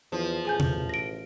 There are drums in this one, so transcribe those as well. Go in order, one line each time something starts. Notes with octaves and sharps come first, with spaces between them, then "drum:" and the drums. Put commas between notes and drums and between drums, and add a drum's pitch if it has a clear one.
E2 F3
A1 G#4 G#5 G6
drum: tom B2
A#6 D7